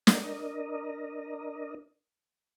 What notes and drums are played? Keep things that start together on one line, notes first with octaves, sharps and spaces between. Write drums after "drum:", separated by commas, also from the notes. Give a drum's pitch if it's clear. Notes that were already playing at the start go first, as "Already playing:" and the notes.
D4 A#4 D#5, drum: snare